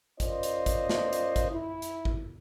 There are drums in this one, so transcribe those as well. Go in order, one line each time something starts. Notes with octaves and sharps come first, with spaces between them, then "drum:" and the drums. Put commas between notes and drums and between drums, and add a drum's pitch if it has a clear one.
C#4 F4 A#4 C5 D5 D#5, drum: kick G#1, hi-hat
drum: hi-hat
drum: kick G#1, hi-hat
drum: snare
drum: hi-hat
drum: kick G#1, hi-hat
E4
drum: hi-hat
drum: kick G#1